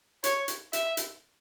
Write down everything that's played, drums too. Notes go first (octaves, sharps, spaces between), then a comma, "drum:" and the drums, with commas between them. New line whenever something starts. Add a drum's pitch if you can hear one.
C#5, drum: hi-hat
drum: hi-hat
E5, drum: hi-hat
drum: hi-hat